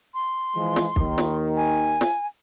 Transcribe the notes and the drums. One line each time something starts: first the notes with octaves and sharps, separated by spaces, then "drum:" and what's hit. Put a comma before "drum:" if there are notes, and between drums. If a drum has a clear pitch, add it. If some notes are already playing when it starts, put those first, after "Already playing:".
C6
E3 F3 G#3
drum: snare
D#2 D#3, drum: kick
drum: snare
G#5
drum: snare